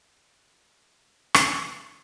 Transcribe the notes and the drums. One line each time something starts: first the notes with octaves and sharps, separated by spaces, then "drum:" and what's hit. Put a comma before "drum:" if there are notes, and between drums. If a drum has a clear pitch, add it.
F#4
drum: rim click
G#4
F#4